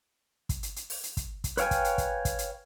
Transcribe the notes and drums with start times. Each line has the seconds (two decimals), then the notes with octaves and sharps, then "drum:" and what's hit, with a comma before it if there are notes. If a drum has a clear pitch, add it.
0.49 drum: kick, hi-hat
0.63 drum: hi-hat
0.76 drum: hi-hat
0.90 drum: open hi-hat
1.03 drum: hi-hat
1.17 drum: kick, hi-hat
1.44 drum: kick, hi-hat
1.57 B4 C#5 F5 G5 G#5, drum: hi-hat
1.71 drum: kick, hi-hat
1.84 drum: hi-hat
1.98 drum: kick, hi-hat
2.25 drum: kick, hi-hat
2.39 drum: hi-hat